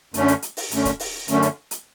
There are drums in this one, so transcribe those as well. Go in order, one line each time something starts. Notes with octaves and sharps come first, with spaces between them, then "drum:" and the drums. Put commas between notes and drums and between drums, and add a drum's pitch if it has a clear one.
F#2 D3 A3 C#4, drum: hi-hat
drum: hi-hat
drum: hi-hat
drum: open hi-hat
F#2 D3 A3 C#4, drum: hi-hat
drum: kick, hi-hat
drum: open hi-hat
F#2 D3 A3 C#4, drum: hi-hat
drum: hi-hat
drum: hi-hat